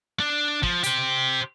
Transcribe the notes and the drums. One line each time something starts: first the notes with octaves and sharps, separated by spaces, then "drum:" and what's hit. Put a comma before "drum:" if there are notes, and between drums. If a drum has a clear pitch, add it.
D4
F3, drum: kick
G4 C5, drum: hi-hat